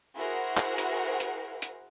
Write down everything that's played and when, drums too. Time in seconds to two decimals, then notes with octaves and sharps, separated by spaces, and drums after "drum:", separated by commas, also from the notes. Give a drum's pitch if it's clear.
0.15 E4 F#4 G#4 A#4 C5 F#5
0.57 drum: clap
0.78 drum: hi-hat
1.20 drum: hi-hat
1.62 drum: hi-hat